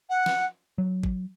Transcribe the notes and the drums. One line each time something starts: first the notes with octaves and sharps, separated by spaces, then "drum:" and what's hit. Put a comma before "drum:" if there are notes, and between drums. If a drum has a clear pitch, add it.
F#5
drum: snare
F#3
drum: kick